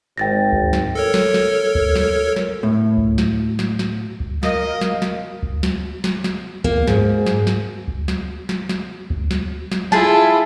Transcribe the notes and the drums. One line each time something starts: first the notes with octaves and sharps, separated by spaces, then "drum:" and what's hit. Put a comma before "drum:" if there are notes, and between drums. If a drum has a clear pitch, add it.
G#1 G5 A6 A#6
drum: kick D2
drum: snare
A4 A#4 C#5
drum: snare
drum: snare
drum: kick D2
drum: snare
drum: snare
A2
drum: kick D2
drum: snare
drum: snare
drum: snare
drum: kick D2
A#4 D#5 F5, drum: snare
drum: snare
drum: snare
drum: kick D2
drum: snare
drum: snare
drum: snare
A#3, drum: kick D2
G#2, drum: snare
drum: snare
drum: snare
drum: kick D2
drum: snare
drum: snare
drum: snare
drum: kick D2
drum: snare
drum: snare
E4 F4 G#4 A5, drum: snare